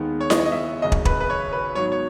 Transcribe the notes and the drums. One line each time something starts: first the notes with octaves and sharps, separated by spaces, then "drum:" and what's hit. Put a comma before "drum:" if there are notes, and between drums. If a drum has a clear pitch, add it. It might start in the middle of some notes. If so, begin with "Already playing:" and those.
Already playing: D#2 D#3 G#3 B3
C#5
D#5, drum: snare E4
C#5
D#5
E5
G#1 F#2 C#3 D#5
drum: kick
B4, drum: kick
B4
C#5
B4
G#2 F#3 B3 C#5
C#5